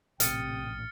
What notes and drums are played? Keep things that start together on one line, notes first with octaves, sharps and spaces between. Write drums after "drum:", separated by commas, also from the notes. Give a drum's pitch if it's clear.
A#1 A2 C3 G5 D#6 F6 A6 C#7, drum: hi-hat